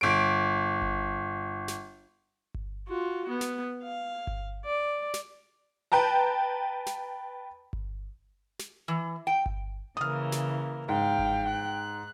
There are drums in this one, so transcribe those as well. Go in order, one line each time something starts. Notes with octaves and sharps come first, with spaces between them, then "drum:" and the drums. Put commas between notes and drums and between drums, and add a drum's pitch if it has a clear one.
G1 D7
drum: kick G1
drum: snare
drum: kick G1
F4 F#4
B3
drum: snare
F5
drum: kick G1
D5
drum: snare
B4 G5 A5 A#5
drum: snare
drum: kick G1
drum: snare
E3
G5
drum: kick G1
C#3 E3 A#3 D#6 F6
drum: snare
G#2 F5 G5
drum: kick G1
F#6